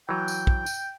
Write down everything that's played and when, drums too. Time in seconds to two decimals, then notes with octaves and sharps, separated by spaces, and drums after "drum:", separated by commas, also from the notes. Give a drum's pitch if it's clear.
0.09 E3 F#3 G5
0.28 drum: tambourine
0.47 drum: kick
0.66 drum: tambourine